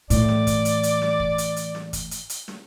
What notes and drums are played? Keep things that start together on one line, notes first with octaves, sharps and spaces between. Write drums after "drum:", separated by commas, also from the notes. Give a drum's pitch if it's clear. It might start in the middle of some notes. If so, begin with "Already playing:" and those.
A2 E3 D5, drum: hi-hat
drum: snare
drum: kick, hi-hat
drum: hi-hat
drum: hi-hat
drum: snare
drum: kick
drum: hi-hat
drum: hi-hat
drum: snare
drum: kick, hi-hat
drum: hi-hat
drum: hi-hat
drum: snare